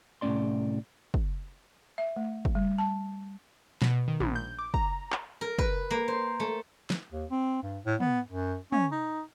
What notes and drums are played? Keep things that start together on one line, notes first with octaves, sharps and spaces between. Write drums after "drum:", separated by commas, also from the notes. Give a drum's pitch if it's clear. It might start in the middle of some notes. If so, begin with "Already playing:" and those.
C2 A2 A#3 C#4 D5 C6
drum: kick
E5
A3
drum: kick
G3
A5
B2, drum: snare
D#3
A#1, drum: tom
G6
D6
A#5, drum: kick
drum: clap
A#4
B4, drum: kick
A#3
C5
A3
drum: snare
D#2
C4
G2
A2
B3, drum: tom
F#2
C#4, drum: tom
D#4